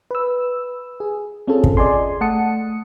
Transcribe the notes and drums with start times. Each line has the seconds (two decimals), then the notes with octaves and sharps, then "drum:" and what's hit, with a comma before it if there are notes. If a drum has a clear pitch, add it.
0.11 B4 E6
1.00 G#4
1.47 C4 C#4 F4 G#4 A4
1.64 drum: kick
1.77 G#4 D5 D#5 G#5 C6
2.21 A3 F#5 A5 D#6 C#7